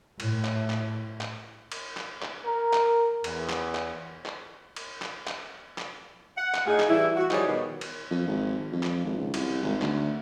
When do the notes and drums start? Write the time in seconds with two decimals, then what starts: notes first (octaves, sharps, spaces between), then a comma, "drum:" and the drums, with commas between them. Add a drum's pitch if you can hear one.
0.20 A2, drum: cymbal
0.44 drum: clap
0.70 drum: clap
1.21 drum: clap
1.72 drum: cymbal
1.97 drum: clap
2.22 drum: clap
2.44 A#4
2.73 drum: clap
3.24 E2, drum: cymbal
3.49 drum: clap
3.75 drum: clap
4.26 drum: clap
4.76 drum: cymbal
5.02 drum: clap
5.27 drum: clap
5.78 drum: clap
6.38 F#5
6.54 drum: clap
6.66 A2 A3 D#4 F4 G#4
6.80 drum: clap
6.89 E3 G3 A3 E4
7.16 F#4
7.31 D#3 F3 G3 D#4 G#4 C#5, drum: clap
7.47 B2 D#3
7.81 drum: cymbal
8.10 F2
8.27 G#1
8.72 F2
8.83 drum: clap
9.05 G#1
9.18 C#2
9.34 C2, drum: cymbal
9.63 G#1
9.82 D2, drum: clap